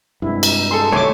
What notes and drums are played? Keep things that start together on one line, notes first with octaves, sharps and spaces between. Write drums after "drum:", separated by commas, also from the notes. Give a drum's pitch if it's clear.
G2 C3 G#3 E4
drum: cymbal
G#4 A4 C6
C2 C3 D#3 A3 C#5 G#5 C6 D6